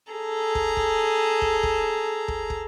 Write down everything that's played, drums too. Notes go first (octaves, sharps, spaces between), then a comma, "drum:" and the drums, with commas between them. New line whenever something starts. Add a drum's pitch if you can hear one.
G#4 A4 A#5
drum: kick
drum: kick
drum: kick
drum: kick
drum: kick
drum: kick